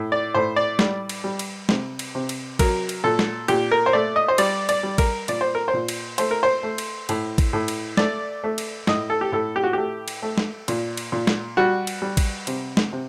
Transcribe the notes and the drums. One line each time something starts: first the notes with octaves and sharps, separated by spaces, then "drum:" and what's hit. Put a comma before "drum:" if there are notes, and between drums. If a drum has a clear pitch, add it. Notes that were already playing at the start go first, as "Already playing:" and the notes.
Already playing: A2
D5
A2 C5
D5
G3, drum: snare
drum: cymbal
G3
drum: cymbal
C3, drum: snare
drum: cymbal
C3
drum: cymbal
F#3 A#4, drum: kick A1, cymbal
drum: cymbal
A#2 A4
drum: snare
A#2 G4, drum: cymbal
A#4
C5
A3 D5
D#5
C5
G3 D5, drum: cymbal
D5, drum: cymbal
G3
A#4, drum: kick A1, cymbal
A#2 D5, drum: cymbal
C5
A#4
C5
A#2
drum: cymbal
A3 C5, drum: cymbal
A#4
C5
A3
drum: cymbal
A2, drum: cymbal
drum: kick A1, cymbal
A2
drum: cymbal
A3 D5, drum: snare
A3
drum: cymbal
A2 D#5, drum: snare
A4
G4
A2 A4
G4
F#4
A3 G4
drum: cymbal
A3
drum: snare
A#2, drum: cymbal
drum: cymbal
A#2
drum: snare
G3 F#4
drum: cymbal
G3
drum: kick A1, cymbal
C3, drum: cymbal
drum: snare
C3